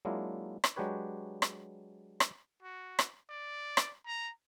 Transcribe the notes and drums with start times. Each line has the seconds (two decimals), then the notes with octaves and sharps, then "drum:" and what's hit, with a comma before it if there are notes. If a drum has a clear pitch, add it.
0.05 F#3 G#3 A#3 D4 E4 F4
0.64 drum: rim click
0.76 F#3 G#3 D4 G4 B4 C#5
1.42 drum: rim click
2.20 drum: rim click
2.63 F#4
2.99 drum: rim click
3.30 D5
3.77 drum: rim click
4.06 A#5